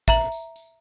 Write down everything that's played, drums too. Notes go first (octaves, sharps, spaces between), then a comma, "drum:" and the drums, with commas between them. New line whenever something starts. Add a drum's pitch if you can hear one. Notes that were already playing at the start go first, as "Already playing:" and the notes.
E5 A#5 F#7, drum: kick, tambourine
drum: tambourine
drum: tambourine